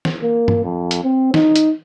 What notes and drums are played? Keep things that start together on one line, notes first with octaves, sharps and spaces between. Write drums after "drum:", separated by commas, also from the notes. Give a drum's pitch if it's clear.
drum: snare
A#3
drum: tom G2
F2
drum: hi-hat
C4
D#4, drum: snare
drum: hi-hat